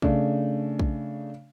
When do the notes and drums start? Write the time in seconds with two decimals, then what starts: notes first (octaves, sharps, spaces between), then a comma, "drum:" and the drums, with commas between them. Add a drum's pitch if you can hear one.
0.02 C#3 A3 D4, drum: kick
0.79 drum: kick